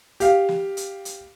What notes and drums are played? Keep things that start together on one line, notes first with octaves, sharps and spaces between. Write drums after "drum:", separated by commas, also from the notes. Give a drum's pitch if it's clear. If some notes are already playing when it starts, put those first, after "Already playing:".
G4 F5, drum: hi-hat
drum: snare
drum: hi-hat
drum: hi-hat